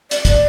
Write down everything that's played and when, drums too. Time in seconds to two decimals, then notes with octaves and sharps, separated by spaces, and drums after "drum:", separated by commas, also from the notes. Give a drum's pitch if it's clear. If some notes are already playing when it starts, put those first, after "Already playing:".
0.11 D5, drum: hi-hat
0.25 drum: kick, hi-hat